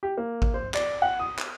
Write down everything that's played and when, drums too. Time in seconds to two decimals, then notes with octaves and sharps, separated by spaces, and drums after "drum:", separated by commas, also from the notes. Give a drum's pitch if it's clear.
0.03 G4
0.18 A#3
0.42 drum: kick G#1
0.54 C5
0.74 D5, drum: clap
1.02 F#5
1.19 D#6
1.39 drum: clap